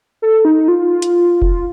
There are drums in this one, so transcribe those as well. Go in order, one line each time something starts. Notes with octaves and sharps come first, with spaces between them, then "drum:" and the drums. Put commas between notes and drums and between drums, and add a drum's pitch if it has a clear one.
A4
D#4
F4
drum: hi-hat
drum: kick F1